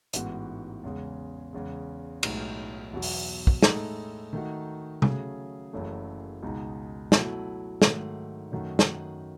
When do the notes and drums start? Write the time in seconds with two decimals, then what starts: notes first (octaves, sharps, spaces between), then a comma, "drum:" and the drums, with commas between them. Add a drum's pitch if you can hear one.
0.13 A1 G#2 E3 B3 F#4, drum: hi-hat
0.83 E2 C#3 G#3
1.53 E2 C#3 G#3
2.23 B1 A2 G#3 D#4, drum: cymbal
2.93 E2 B2 F#3
3.02 drum: open hi-hat
3.47 drum: kick
3.63 A2 G#3 D#4 A4, drum: snare
4.33 D#3 A3 D#4 F#4
5.02 C#3 F#3 A3 C#4 G#4, drum: tom C3
5.73 F#1 F#2 C#3 E3 A3
6.42 C#2 B2 G#3 D#4
7.12 B2 F#3 A3 E4, drum: snare
7.82 G#2 D#3 F#3 A3, drum: snare
8.52 F#2 D#3 A3 D#4 F#4
8.79 drum: snare